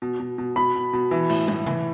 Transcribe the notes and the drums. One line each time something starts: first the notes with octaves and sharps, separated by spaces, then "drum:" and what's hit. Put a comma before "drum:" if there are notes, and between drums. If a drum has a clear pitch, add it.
B2
B2
B2
B2 B5
B2
B2
E3
A2, drum: cymbal
A2, drum: tom
E3, drum: tom C3